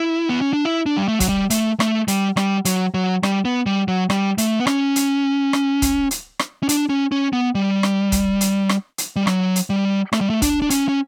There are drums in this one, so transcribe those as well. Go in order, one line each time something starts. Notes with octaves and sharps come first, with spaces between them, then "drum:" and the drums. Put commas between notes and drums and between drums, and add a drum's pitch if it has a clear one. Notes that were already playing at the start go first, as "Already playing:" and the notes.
Already playing: E4
B3
C#4
D4
E4
D4
G3
A3
F#3, drum: kick, hi-hat
G3
A3, drum: hi-hat
A3, drum: rim click
G3, drum: hi-hat
G3, drum: rim click
F#3, drum: hi-hat
F#3
G3, drum: rim click
B3
G3
F#3
G3, drum: rim click
A3, drum: hi-hat
B3
C#4, drum: rim click
drum: hi-hat
drum: rim click
drum: kick, hi-hat
drum: hi-hat
drum: rim click
C#4
D4, drum: hi-hat
C#4
C#4
B3
G3
drum: rim click
drum: kick, hi-hat
drum: hi-hat
drum: rim click
drum: hi-hat
G3
F#3, drum: rim click
drum: hi-hat
G3
A3, drum: rim click
G3
A3
D4, drum: kick, hi-hat
D4
C#4, drum: hi-hat
C#4